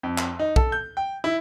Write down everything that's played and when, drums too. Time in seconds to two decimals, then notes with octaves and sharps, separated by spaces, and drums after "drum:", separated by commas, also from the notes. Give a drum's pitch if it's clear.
0.03 F2
0.18 drum: clap
0.39 D#4
0.56 A4, drum: kick B1
0.72 G6
0.97 G5
1.24 E4